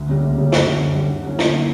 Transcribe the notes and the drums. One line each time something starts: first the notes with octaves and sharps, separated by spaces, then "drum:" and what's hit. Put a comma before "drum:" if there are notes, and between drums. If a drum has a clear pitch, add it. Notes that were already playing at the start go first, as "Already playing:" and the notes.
Already playing: D2
C#3 G3 A#3
D2
C#3 G3 A#3
F#2, drum: snare
D3 G3
F#2
D3 G3
D3
F#3 A#3 C#4 E4
D3, drum: snare
F#3 A#3 C#4 E4